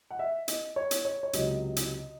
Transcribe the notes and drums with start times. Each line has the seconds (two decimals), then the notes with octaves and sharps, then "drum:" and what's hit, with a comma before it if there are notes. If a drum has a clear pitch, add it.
0.10 F#5
0.19 E5
0.48 D#5, drum: hi-hat
0.76 C#5
0.91 drum: hi-hat
1.05 C#5
1.23 C#5
1.33 C#2 C3 F#3 D#5, drum: hi-hat
1.76 drum: hi-hat